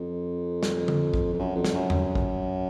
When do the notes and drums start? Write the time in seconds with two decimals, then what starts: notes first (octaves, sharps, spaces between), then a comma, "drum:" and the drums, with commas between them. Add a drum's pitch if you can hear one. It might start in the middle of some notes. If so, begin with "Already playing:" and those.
Already playing: F2
0.63 drum: snare
0.88 drum: tom D3
1.14 drum: kick
1.33 F2
1.39 F#2
1.55 F2
1.64 drum: snare
1.74 F#2
1.90 drum: tom E2
2.15 drum: kick